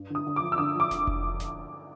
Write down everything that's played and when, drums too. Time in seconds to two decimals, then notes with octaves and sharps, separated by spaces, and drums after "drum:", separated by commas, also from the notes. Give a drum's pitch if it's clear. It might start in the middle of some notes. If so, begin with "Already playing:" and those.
Already playing: G2
0.10 D3 D#6
0.27 D3
0.36 D6
0.42 F3
0.52 E6
0.58 D3 D#6
0.75 F3 D6
0.91 drum: snare E1
1.07 drum: kick F1
1.40 drum: snare E1